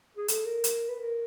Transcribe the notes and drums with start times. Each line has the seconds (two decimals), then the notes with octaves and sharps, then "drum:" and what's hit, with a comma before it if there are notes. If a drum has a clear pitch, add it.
0.17 G#4
0.28 A4, drum: hi-hat
0.46 A#4
0.64 drum: hi-hat
0.89 B4
1.00 A#4